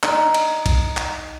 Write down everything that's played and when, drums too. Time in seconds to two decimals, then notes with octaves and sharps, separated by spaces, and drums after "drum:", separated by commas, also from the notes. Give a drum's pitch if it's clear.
0.03 D#4, drum: clap
0.34 drum: cymbal
0.66 drum: kick B1, cymbal
0.97 drum: clap